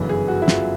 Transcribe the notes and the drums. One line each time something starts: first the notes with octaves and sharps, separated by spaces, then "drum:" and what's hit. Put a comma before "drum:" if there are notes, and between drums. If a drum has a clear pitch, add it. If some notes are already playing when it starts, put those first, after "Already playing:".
Already playing: G1 F#2 C#3 E3
G#4
F#4
E4
F4, drum: snare